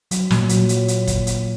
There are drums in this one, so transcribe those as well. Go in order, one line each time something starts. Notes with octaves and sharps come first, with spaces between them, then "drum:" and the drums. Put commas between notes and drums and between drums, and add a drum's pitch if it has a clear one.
F#3, drum: hi-hat
A#2, drum: snare
F#3, drum: hi-hat
drum: hi-hat
drum: hi-hat
drum: kick, hi-hat
drum: hi-hat